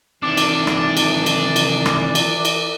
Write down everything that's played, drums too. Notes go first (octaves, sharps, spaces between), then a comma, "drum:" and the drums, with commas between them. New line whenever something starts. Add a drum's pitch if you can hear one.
C3 D#3 E3 D4 D6
drum: cymbal
drum: rim click
drum: cymbal
drum: cymbal
drum: cymbal
drum: rim click
drum: cymbal
drum: cymbal